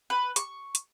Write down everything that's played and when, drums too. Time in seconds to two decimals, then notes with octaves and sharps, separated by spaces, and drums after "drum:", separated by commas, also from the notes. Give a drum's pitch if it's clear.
0.10 B4
0.36 C#6, drum: hi-hat
0.75 drum: hi-hat